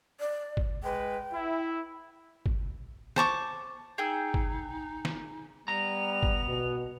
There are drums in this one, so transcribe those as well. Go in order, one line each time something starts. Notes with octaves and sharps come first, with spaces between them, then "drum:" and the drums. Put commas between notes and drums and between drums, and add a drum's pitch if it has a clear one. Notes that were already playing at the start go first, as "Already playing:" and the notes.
D5
drum: kick G1
G#3 B4 G5
E4
drum: kick G1
C5 A5 C#6 D6, drum: snare
D#4 G#4 G5 E6
drum: kick G1
drum: snare
G3 B3 A#5 F7
drum: kick G1
B2